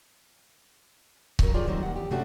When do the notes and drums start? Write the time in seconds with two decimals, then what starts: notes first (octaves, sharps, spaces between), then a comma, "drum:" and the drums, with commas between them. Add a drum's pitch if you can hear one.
1.39 D3 F3 F#3 C#4 A#4, drum: kick C#1
1.54 F4 G4 G#4 C#5 D5
1.66 D#2 D#3 F#3 G3 A#3 C4
1.83 A#3 F#5
1.96 E2 G4
2.11 G#2 C3 A3 C#4 D4 F#4